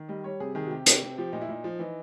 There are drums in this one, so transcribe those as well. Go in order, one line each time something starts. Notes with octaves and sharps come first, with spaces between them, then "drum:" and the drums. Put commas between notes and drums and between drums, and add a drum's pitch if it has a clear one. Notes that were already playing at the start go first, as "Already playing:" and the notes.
Already playing: D#3
G3 D#5
G3 C#5
C3 G#4
D#3 G#4
F#4
C3 G4
C3, drum: hi-hat
C3
F3 G4
A#2 D#4
E4
A#2 D#4
F3
E3 D#4